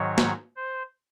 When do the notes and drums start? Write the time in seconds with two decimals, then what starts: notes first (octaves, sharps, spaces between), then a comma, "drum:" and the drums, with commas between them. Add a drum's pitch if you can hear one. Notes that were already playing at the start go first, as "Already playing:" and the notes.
Already playing: G#2 D#3 F#3 C#5
0.18 drum: snare
0.56 C5